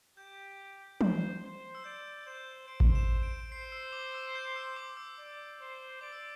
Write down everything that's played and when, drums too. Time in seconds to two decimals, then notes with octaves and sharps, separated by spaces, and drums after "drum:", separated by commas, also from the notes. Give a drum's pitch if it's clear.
0.17 G4 G6
1.01 C5, drum: tom
1.43 C5
1.75 E6
1.84 D5 G6
2.26 C5 G6
2.67 C5 D7
2.80 drum: kick A1
2.95 E7
3.23 D7
3.51 C5 C7
3.72 E6
3.92 D6
4.15 E6
4.35 G6
4.56 E6
4.76 D6
4.97 E6
5.18 D5
5.60 C5
6.01 D5 D6
6.13 E6